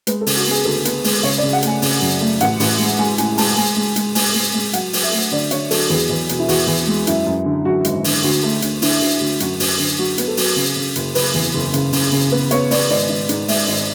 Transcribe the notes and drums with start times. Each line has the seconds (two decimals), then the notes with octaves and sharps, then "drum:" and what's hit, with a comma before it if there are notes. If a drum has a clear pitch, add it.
0.07 G#3 B4, drum: hi-hat
0.21 A4
0.27 C#3, drum: open hi-hat
0.36 F#4
0.46 B3
0.51 G#4
0.65 D2 A4
0.85 B3, drum: hi-hat
1.04 G#3, drum: open hi-hat
1.23 C#3 C#5
1.38 D5
1.43 C#3
1.53 F#5
1.63 A3 G#5, drum: hi-hat
1.82 C#3, drum: open hi-hat
2.02 F#2
2.21 A3
2.40 A1 F#5, drum: hi-hat
2.60 A1, drum: open hi-hat
2.79 G#3
2.99 G#3 G#5
3.18 A2 G#5, drum: hi-hat
3.38 G#3 A5, drum: open hi-hat
3.57 G#3 G#5
3.77 G#3
3.96 G#3, drum: hi-hat
4.15 G#3 G#5, drum: open hi-hat
4.35 G#3
4.54 G#3
4.73 F#3 F#5, drum: hi-hat
4.93 F#3, drum: open hi-hat
5.03 E5
5.12 A3
5.32 D3 D5
5.51 D3 C#5, drum: hi-hat
5.71 F#3 A4, drum: open hi-hat
5.90 E2 G#4
6.10 E2
6.29 B2, drum: hi-hat
6.40 E4
6.49 E2 F#4, drum: open hi-hat
6.67 E2
6.87 G#3
7.07 F#2 E4, drum: hi-hat
7.27 F#2
7.45 D3
7.65 F#2 F#4
7.85 G#1, drum: hi-hat
8.04 D3, drum: open hi-hat
8.23 D2 F#4
8.43 A3
8.62 D2, drum: hi-hat
8.82 D3 E4, drum: open hi-hat
9.01 D2
9.21 D2
9.40 F#2 F#4, drum: hi-hat
9.60 F#2, drum: open hi-hat
9.79 D3
9.99 F#3 F#4
10.18 B3, drum: hi-hat
10.28 A4
10.37 F#3, drum: open hi-hat
10.57 C#3
10.76 C#3
10.96 F#1, drum: hi-hat
11.15 F#1 B4, drum: open hi-hat
11.35 E2
11.54 F#1
11.74 C#3, drum: hi-hat
11.93 C#3, drum: open hi-hat
12.12 C#3
12.32 B3 B4
12.51 B3 C#5, drum: hi-hat
12.71 B3 D5, drum: open hi-hat
12.91 G#1 D5
13.09 G#1
13.29 G#2, drum: hi-hat
13.48 G#3 E5, drum: open hi-hat
13.68 G#1